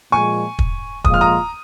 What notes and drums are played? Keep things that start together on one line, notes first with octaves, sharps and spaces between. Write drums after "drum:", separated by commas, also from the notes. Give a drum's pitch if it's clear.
A#2 F3 G#3 G#5 C#6
drum: kick
A#2 F3 G#3 F4 D#6, drum: kick
F6
A#5 D#6